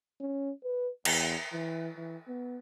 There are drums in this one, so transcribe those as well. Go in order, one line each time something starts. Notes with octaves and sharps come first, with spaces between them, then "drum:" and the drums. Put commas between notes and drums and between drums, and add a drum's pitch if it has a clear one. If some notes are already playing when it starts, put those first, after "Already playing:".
C#4
B4
E2, drum: cymbal
E3
E3
B3